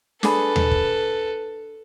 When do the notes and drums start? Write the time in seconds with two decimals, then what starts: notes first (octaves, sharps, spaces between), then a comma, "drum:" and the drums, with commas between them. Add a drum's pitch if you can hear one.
0.23 D4 G#4 A4 B4 B5, drum: snare
0.56 drum: tom D#2
0.71 drum: kick